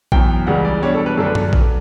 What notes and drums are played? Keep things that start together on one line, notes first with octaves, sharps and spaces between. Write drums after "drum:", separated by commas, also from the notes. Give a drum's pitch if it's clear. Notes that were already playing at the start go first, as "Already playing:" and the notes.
F#2 E3 B3 G5, drum: kick A1
C#2 C#3 E3 G3 F#5
D5
B2 G3 D4 C#5
A4
B4
F#2 D3 A3 D4 A4
B4
drum: tom G2
drum: kick A1